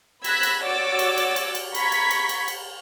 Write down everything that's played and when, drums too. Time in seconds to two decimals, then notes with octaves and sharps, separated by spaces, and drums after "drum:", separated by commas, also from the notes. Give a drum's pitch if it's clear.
0.24 B5 E6 F#6 G#6 A#6 B6, drum: cymbal
0.43 drum: cymbal
0.65 F#4 C#5 D5 D6 E6 A6
0.99 drum: cymbal
1.17 drum: cymbal
1.36 drum: cymbal
1.55 drum: cymbal
1.75 A#5 B5 C#6 G#6 B6, drum: cymbal
1.92 drum: cymbal
2.11 drum: cymbal
2.29 drum: cymbal
2.48 drum: cymbal